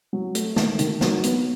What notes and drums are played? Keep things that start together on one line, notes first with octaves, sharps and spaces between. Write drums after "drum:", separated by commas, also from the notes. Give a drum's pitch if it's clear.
F#3
A3, drum: hi-hat
D#3, drum: snare
D#3, drum: hi-hat
F#3, drum: snare
B3, drum: hi-hat